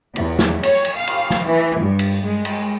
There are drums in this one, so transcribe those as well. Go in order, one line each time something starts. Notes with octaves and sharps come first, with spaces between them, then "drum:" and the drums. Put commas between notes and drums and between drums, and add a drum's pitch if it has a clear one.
E2, drum: cymbal
drum: snare
C#5, drum: cymbal
drum: cymbal
F5
drum: cymbal
drum: snare
E3
G2
drum: cymbal
G#3
drum: cymbal